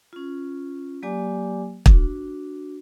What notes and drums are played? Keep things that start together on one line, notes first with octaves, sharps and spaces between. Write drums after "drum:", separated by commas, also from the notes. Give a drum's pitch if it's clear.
C#4 F4
F#3 A#3 G4 D5 G#5 D6
D4 F#4, drum: kick